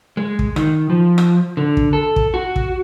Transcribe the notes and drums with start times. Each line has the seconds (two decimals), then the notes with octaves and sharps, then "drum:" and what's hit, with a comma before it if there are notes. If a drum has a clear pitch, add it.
0.17 G#3
0.39 drum: kick
0.56 D#3, drum: rim click
0.90 F3
1.18 drum: rim click
1.57 D3
1.77 drum: kick
1.93 A4
2.16 drum: kick
2.34 F#4
2.56 drum: kick